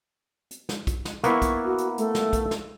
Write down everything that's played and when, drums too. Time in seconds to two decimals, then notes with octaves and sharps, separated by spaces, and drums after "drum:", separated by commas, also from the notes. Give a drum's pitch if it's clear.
0.51 drum: hi-hat
0.69 drum: snare
0.87 drum: kick, hi-hat
1.05 drum: snare
1.24 A#3 B3 E4 C#6, drum: hi-hat
1.42 drum: kick, hi-hat
1.65 F#4
1.78 drum: hi-hat
1.98 A3, drum: hi-hat
2.15 drum: snare
2.33 drum: kick, hi-hat
2.51 drum: snare